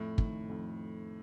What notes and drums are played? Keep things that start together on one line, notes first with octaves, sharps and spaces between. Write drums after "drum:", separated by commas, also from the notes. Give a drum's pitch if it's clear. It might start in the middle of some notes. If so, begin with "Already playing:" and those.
Already playing: F2 A2
D#3, drum: kick
F2